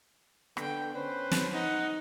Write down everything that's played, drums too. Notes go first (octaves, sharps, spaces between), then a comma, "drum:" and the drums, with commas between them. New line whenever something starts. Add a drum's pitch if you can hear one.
D3 B3 G5, drum: rim click
C#4 B4 C5
drum: snare
D#4 F#5